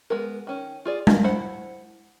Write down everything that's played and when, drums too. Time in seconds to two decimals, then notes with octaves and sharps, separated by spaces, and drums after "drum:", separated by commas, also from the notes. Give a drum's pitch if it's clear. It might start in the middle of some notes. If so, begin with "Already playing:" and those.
0.10 G#3 B3 A#4
0.47 D#3 C#4
0.85 F4 G#4 D5
1.07 A#3 A#4, drum: tom G#3
1.24 E4 C5 F#5